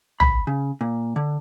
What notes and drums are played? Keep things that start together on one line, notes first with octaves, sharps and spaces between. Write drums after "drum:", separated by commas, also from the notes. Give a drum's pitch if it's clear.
B5, drum: tom A#1
C#3
A#2
D3